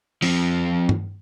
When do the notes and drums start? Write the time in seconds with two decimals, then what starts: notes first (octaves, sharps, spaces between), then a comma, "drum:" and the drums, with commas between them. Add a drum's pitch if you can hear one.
0.22 F3 C4, drum: open hi-hat
0.89 drum: tom G2